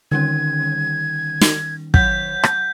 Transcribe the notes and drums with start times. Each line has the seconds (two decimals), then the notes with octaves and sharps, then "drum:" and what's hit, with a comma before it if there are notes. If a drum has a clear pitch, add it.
0.11 D3 D#3 G3 C#4 G#6
1.41 drum: snare
1.94 F#3 C#5 F#5 G6 B6, drum: kick
2.43 drum: rim click